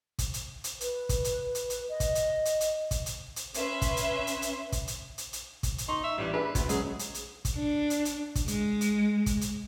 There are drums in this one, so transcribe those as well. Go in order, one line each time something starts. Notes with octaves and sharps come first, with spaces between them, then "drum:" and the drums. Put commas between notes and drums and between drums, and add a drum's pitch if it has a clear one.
drum: kick, hi-hat
drum: hi-hat
drum: hi-hat
B4, drum: hi-hat
drum: kick, hi-hat
drum: hi-hat
drum: hi-hat
drum: hi-hat
D#5
drum: kick, hi-hat
drum: hi-hat
drum: hi-hat
drum: hi-hat
drum: kick, hi-hat
drum: hi-hat
drum: hi-hat
C#4 B4 E5 C6, drum: hi-hat
drum: kick, hi-hat
drum: hi-hat
drum: hi-hat
drum: hi-hat
drum: kick, hi-hat
drum: hi-hat
drum: hi-hat
drum: hi-hat
drum: kick, hi-hat
drum: hi-hat
D#4 C6 C#6
E5
A1 E3 G3
D4 G#4 B4 E5
D2, drum: kick, hi-hat
F#3 G#3 C#4 G#4, drum: hi-hat
drum: hi-hat
drum: hi-hat
drum: kick, hi-hat
D4
drum: hi-hat
drum: hi-hat
drum: kick, hi-hat
G#3, drum: hi-hat
drum: hi-hat
drum: kick, hi-hat
drum: hi-hat